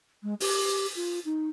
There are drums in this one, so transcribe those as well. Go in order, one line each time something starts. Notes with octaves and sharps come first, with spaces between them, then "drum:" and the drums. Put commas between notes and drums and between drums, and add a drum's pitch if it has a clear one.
G#3
G4, drum: open hi-hat
F4
D#4